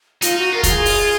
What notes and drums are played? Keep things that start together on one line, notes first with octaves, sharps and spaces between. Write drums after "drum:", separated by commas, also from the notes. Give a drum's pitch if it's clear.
D#4 F4, drum: hi-hat
F#4
F4 A#4
F#4, drum: kick, hi-hat
G#4
drum: open hi-hat